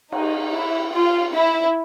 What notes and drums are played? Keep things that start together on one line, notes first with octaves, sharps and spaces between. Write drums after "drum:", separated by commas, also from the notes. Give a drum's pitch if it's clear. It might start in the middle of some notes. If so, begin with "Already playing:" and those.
D#4, drum: cymbal
E4
F4
E4